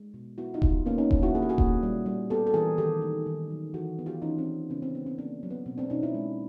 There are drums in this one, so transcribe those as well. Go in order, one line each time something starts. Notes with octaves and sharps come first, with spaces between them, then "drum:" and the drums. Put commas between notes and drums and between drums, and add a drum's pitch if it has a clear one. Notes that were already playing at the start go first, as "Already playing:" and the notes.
Already playing: G#3
B2
B3 E4 F#4
D#4 F4
B2, drum: kick D#1
A#3 B3 C#4
C#4 D#4
A#2, drum: kick D#1
E4 F#4
A#3 G#4
G4
F#4 G#4
A#2, drum: kick D#1
G3
G3
B3 G4 A4
A4
E3 G#4 A#4
D#3 G4 A4
A3
D#3
F#3
E3 F#4 G#4
B3
F4 G4
E3 C#4 D#4
C4 D4
E3
C#3 B3 C#4
C4
C#3 B3
C4
A#3 C4 D4
F#3
B3
B2 C4
C4 D4
B2 C#4 D#4
D4 E4
G#3